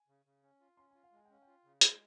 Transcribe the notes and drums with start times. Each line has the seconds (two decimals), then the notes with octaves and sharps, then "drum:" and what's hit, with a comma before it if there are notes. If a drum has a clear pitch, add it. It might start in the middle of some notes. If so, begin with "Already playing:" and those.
Already playing: G#5
0.08 C#3
0.25 C#3
0.43 C#4
0.61 F4
0.77 C#4 C6
0.91 F4 G#5
1.03 F5
1.12 G#3 G#5
1.25 G5
1.30 C#4 F5
1.42 F4 G5
1.64 C#3
1.81 G#3, drum: hi-hat